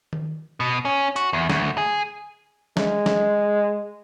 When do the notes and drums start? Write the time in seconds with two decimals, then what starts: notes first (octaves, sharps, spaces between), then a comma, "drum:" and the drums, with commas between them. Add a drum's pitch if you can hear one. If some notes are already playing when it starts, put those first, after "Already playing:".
0.13 drum: tom D#3
0.60 B2
0.85 C#4
1.16 F#4, drum: hi-hat
1.33 E2
1.49 D2, drum: snare
1.78 G#4
2.77 G#3, drum: snare
3.06 drum: snare